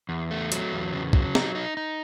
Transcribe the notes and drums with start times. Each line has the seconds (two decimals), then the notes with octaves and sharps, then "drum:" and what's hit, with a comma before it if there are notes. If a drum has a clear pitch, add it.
0.09 E2
0.31 A3
0.52 F#3, drum: hi-hat
0.72 E2
0.93 C#3
1.13 F#3, drum: kick
1.35 D#4, drum: snare
1.55 D#4
1.77 D#4